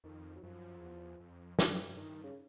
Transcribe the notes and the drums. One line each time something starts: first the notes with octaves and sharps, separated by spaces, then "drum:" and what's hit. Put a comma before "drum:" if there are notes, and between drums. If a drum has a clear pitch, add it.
F2 D#3
F#3
F#2 F3
F2
E2
F2
F#2 E3, drum: snare
G2 D#3
C#3